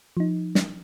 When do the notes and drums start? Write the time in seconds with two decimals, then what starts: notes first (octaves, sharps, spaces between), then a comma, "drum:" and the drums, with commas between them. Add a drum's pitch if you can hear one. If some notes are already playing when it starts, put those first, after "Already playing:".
0.17 F3 D#4
0.55 drum: snare